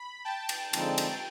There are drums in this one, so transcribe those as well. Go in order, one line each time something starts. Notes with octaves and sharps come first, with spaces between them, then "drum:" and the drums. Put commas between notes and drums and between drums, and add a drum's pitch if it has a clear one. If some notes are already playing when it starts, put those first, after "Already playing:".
Already playing: B5
G5 A5
drum: cymbal
D3 F3 G#3 C4 D#4, drum: cymbal
drum: cymbal